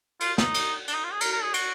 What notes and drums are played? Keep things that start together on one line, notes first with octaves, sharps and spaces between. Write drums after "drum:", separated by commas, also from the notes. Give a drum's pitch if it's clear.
F4, drum: cymbal
D#4, drum: snare
drum: cymbal
D4, drum: cymbal
D#4
F4
G#4
A#4, drum: cymbal
A#4
G#4
F#4, drum: cymbal